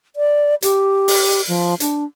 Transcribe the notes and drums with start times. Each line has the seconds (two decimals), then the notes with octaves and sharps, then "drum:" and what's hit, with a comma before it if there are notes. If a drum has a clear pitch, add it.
0.16 D5
0.62 G4, drum: hi-hat
1.08 drum: open hi-hat
1.48 F3
1.80 D4, drum: hi-hat